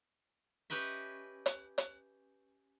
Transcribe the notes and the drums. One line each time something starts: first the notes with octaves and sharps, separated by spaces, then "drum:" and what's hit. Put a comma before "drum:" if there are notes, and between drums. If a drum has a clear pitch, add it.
C#4 G4 B4 D#5 E5
drum: hi-hat
drum: hi-hat